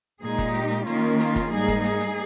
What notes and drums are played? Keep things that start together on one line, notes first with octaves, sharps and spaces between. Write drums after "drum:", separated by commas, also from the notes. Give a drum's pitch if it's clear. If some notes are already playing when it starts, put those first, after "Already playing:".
A#2 G#3 D#4 G#4
drum: kick F#1, hi-hat
G4, drum: hi-hat
drum: hi-hat
D#3 A#3 C#4 F4, drum: hi-hat
F4, drum: hi-hat
drum: kick F#1, hi-hat
G#2 G3 A#3 D#4 G#4
drum: kick F#1, hi-hat
G#4, drum: hi-hat
drum: hi-hat